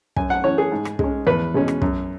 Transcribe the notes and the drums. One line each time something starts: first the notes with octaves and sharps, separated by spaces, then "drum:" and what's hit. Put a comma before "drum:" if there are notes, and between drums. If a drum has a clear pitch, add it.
F#2 G#5, drum: kick
F#5
E3 C#4 C#5
G#4
G#2
drum: rim click
G#3 C#4, drum: kick
E2 B4
B2 G#3 C#4
drum: rim click
F#2, drum: kick